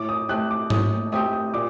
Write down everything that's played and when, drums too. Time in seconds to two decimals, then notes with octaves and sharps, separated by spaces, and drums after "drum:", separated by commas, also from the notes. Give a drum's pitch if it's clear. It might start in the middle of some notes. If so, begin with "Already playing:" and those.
Already playing: A2 D6
0.09 D#6
0.29 A3 C4 G4 F#6
0.51 D6
0.70 A2 D#6, drum: tom
1.12 A3 C4 G4 D#6
1.33 D#6
1.54 A#2 D6